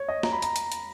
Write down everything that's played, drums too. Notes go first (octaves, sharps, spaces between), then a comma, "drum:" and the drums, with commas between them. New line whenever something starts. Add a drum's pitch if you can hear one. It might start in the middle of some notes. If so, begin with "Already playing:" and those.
Already playing: C#5
D#5
A#5, drum: snare
B5
A#5, drum: hi-hat
drum: hi-hat
drum: hi-hat